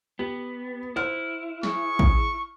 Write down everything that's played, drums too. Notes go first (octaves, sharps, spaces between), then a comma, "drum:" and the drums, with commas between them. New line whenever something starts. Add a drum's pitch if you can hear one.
B3 G4
E4 C5 F#5 F6
G#4 C#6, drum: snare
drum: kick